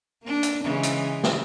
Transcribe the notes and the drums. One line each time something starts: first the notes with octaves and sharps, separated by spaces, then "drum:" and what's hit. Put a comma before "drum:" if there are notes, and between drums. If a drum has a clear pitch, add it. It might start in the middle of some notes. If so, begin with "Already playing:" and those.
A#3 D4
drum: hi-hat
C#3 E3 G#3
drum: hi-hat
drum: snare